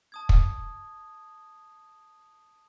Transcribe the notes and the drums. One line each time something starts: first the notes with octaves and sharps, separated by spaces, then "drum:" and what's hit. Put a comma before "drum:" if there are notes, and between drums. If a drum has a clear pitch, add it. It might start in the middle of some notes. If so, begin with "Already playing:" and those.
A5 D#6 G#6
drum: kick